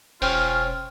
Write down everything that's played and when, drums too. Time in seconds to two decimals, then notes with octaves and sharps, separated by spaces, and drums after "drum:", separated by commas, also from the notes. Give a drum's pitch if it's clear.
0.22 E1 C#4 F4 C5 G5 F6, drum: open hi-hat